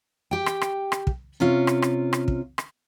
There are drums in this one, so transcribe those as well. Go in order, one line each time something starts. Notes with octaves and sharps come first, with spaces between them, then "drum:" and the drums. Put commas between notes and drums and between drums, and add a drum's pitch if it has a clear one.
G4 G5
drum: rim click
drum: rim click
drum: rim click
drum: kick
C3 C#4 F4
drum: rim click
drum: rim click
drum: rim click
drum: kick
drum: rim click